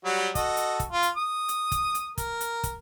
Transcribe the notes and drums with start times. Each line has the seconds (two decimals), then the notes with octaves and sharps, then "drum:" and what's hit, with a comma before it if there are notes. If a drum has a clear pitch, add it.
0.05 F#3 G3 F#4
0.35 F#4 A4 D#5, drum: kick, hi-hat
0.57 drum: hi-hat
0.80 drum: kick, hi-hat
0.92 F4
1.03 drum: hi-hat
1.17 D#6
1.49 drum: hi-hat
1.72 drum: kick, hi-hat
1.95 drum: hi-hat
2.18 A#4, drum: kick, hi-hat
2.41 drum: hi-hat
2.63 drum: kick, hi-hat